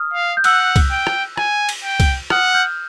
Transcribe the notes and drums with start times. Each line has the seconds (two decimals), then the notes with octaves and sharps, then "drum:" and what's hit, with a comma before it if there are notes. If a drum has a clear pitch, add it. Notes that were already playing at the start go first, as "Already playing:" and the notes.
Already playing: D#6 F6
0.13 F5
0.37 G6
0.44 F#5 E6 F#6, drum: cymbal
0.76 drum: kick C2, cymbal
0.91 G5
1.07 drum: rim click
1.37 G#5, drum: rim click
1.69 drum: cymbal
1.84 G5
2.00 drum: kick C2, cymbal
2.30 F#5 D#6 F6, drum: rim click
2.54 F6 G6